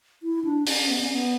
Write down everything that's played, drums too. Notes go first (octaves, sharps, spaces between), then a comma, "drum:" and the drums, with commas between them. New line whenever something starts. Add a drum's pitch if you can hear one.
E4
D4
C#4, drum: open hi-hat
B3
C#4
B3